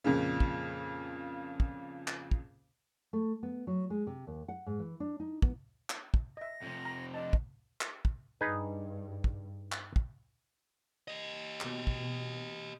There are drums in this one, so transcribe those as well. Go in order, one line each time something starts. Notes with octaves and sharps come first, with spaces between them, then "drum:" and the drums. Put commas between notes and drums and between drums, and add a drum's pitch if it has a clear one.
F2 A#2 C#3
drum: kick
drum: kick
drum: clap
drum: kick
A3
B3
F#3
G#3
C3
D#2
F#5
G#2
E3
D4
D#4
B3, drum: kick
drum: clap
drum: kick
D#5 E5 A#6
F2 C3
A#5
D4 D#5 A5
drum: kick
drum: clap
drum: kick
G2 D#4 G#4 B4
drum: kick
drum: clap
drum: kick
G4 D#5
B2, drum: clap
drum: kick